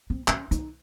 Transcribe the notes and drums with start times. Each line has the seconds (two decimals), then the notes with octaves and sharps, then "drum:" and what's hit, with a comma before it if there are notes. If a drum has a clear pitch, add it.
0.10 C4
0.28 C#4, drum: clap
0.51 D#4, drum: hi-hat